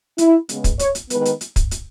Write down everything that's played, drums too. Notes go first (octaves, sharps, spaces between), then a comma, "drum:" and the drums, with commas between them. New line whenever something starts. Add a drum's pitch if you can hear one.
E4, drum: hi-hat
C#3 G#3 B3, drum: hi-hat
drum: kick, hi-hat
C#5, drum: hi-hat
drum: hi-hat
D#3 G#3 B3 B4, drum: hi-hat
drum: hi-hat
drum: hi-hat
drum: kick, hi-hat
drum: hi-hat